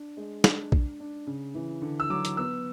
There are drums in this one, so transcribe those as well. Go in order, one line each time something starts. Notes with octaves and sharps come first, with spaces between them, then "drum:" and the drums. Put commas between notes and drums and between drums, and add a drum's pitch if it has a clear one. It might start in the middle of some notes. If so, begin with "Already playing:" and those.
Already playing: D4
G#3
D4, drum: snare
D4, drum: kick B1
D4
C#3
E3
D3
E6
F#3 D6
drum: hi-hat
B3 E6